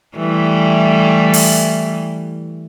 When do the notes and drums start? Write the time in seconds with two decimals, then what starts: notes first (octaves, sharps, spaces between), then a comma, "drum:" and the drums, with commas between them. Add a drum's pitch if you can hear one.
0.17 E3 G3 A3
1.34 drum: open hi-hat